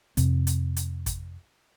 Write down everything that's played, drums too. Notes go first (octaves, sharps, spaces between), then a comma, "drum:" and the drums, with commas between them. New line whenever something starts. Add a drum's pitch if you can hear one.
F2 C3 C4, drum: hi-hat
drum: hi-hat
drum: hi-hat
drum: kick, hi-hat